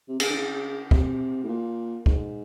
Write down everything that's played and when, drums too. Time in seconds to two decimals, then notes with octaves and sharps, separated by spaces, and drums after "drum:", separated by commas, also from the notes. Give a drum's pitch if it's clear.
0.08 C3
0.20 C#3, drum: cymbal
0.29 D3
0.34 C#3
0.91 C3, drum: kick
1.44 A2
1.49 A#2
2.06 G#2, drum: kick